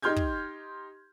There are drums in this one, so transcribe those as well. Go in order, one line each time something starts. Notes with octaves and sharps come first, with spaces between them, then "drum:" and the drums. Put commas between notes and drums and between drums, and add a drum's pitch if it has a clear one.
D#4 G4 C6 F6 G6 G#6
drum: kick